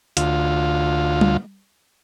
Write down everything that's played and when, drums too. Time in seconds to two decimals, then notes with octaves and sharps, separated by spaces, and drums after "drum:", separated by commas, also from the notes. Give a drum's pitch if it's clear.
0.17 D2 F4, drum: hi-hat
1.21 drum: tom G3